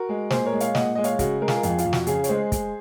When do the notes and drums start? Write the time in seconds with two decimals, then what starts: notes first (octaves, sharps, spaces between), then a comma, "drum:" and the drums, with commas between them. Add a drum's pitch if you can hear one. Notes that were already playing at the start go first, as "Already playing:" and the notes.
Already playing: F#4 A#4
0.09 G#3
0.30 A#2 G#4 C5, drum: snare
0.46 A#4 C#5
0.53 G#3
0.60 C#5 F5, drum: hi-hat
0.75 A#2 D#5 F#5, drum: snare
0.95 G#3 D#5
1.04 C#5 F5, drum: hi-hat
1.19 C#3 F#4, drum: kick, hi-hat
1.41 G#3 A#4
1.48 F4 G#4, drum: snare
1.56 A#4
1.63 F2 F4 G#4, drum: hi-hat
1.78 F4, drum: hi-hat
1.86 F2
1.93 F#4, drum: snare
2.07 C#3 F4 G#4, drum: hi-hat
2.24 C#5, drum: hi-hat
2.29 G#3 G#4 C5
2.52 G#3, drum: kick, hi-hat